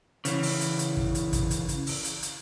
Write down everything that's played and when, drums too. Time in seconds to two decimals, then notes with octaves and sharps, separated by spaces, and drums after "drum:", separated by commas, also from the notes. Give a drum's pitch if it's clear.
0.25 C#3 E3, drum: hi-hat
0.43 drum: open hi-hat
0.61 drum: hi-hat
0.79 drum: hi-hat
0.97 drum: kick
1.15 drum: hi-hat
1.33 drum: kick, hi-hat
1.51 drum: hi-hat
1.69 drum: hi-hat
1.87 drum: open hi-hat
2.05 drum: hi-hat
2.22 drum: hi-hat